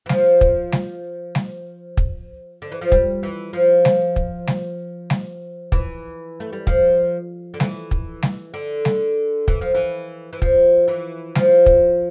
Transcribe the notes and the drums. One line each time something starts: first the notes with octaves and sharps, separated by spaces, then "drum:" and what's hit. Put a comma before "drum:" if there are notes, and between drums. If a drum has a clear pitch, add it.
E3
F3, drum: snare G3
drum: kick
drum: snare G3
drum: snare G3
drum: kick
D3
E3
F3
G3, drum: kick
E3
F3
drum: snare G3
drum: kick
drum: snare G3
drum: snare G3
E3, drum: kick
A3
G3
F3, drum: kick
D3
E3, drum: snare G3
drum: kick
drum: snare G3
D3
drum: snare G3
E3, drum: kick
F3
E3
E3
F3, drum: kick
E3
F3, drum: snare G3
drum: kick